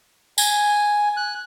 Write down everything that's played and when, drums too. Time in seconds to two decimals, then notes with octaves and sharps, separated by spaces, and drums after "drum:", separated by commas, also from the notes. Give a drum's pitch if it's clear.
0.38 G#5, drum: tambourine
1.17 F#6